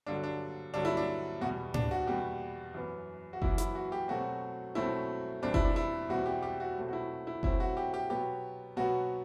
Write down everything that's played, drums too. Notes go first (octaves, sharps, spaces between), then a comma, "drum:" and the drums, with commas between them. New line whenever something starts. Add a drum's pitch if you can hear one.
G2 D3 F#3 D4
D4
G2 D3 F#3 D4
E4
D4
E2 B2 G3 F#4
D4, drum: tom A2
F#4
E2 B2 G3 G4
F#2 E3 B3
F#4
F#2 E3 B3 E4, drum: kick F#1
E4, drum: hi-hat
F#4
G4
B2 F#3 A3 C4 F#4
B2 F#3 A3 C4 E4
E2 B2 G3 C4 D4
E4, drum: kick F#1
D4
E4
E2 B2 G3 C4 F#4
G4
G4
F#4
B2 F#3 A3 C4
F#4
E4
E4
B2 F#3 A3 C4 E4, drum: kick F#1
F#4
G4
G4
B2 F#3 B3 G4
B2 F#3 B3 F#4